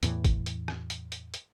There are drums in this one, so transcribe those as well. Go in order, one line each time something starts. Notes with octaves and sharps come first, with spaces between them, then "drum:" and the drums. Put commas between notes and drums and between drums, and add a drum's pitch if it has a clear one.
E2 A2 E3, drum: hi-hat
drum: kick, hi-hat
drum: hi-hat
drum: rim click
drum: hi-hat
drum: hi-hat
drum: hi-hat